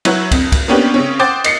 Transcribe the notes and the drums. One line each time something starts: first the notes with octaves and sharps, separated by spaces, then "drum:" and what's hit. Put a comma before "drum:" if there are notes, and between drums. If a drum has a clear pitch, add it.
F#3 E4 B4 C#5 F#5, drum: cymbal
F2, drum: kick, cymbal
drum: kick, cymbal
A#3 B3 C#4 D4 G4 B4
C#3 C4 C#4
C5 F#5 G5 D6 D#6 A6
D#5 C7 C#7, drum: cymbal